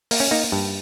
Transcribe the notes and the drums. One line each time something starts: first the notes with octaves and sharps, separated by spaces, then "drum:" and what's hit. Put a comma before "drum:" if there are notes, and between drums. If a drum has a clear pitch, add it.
A#3, drum: open hi-hat
C#4
A#3 D#4
G2